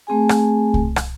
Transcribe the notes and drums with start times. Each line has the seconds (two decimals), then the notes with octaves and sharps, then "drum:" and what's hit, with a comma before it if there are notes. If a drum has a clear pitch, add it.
0.07 A3 C4 G#4 G#5
0.29 drum: rim click
0.74 drum: kick C2
0.96 drum: rim click